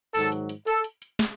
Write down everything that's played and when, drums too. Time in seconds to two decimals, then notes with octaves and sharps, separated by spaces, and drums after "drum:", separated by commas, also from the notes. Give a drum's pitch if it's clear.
0.14 G#2 D#3 F#3 A4, drum: open hi-hat
0.32 drum: hi-hat
0.49 drum: hi-hat
0.67 A4, drum: hi-hat
0.84 drum: hi-hat
1.02 drum: hi-hat
1.19 drum: snare